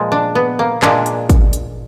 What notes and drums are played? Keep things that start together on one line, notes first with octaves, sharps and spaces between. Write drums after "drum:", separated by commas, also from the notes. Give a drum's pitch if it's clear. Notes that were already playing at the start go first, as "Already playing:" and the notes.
Already playing: A#2 F3 G#3
D4
B3
A#3
A#2 G#3 D4, drum: clap
drum: hi-hat
drum: kick, hi-hat
drum: hi-hat